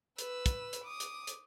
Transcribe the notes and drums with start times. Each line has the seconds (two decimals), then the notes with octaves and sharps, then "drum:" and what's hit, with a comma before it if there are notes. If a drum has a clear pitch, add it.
0.19 B4 E6, drum: hi-hat
0.46 drum: kick, hi-hat
0.73 drum: hi-hat
0.84 D6 D#6
1.00 drum: hi-hat
1.27 drum: hi-hat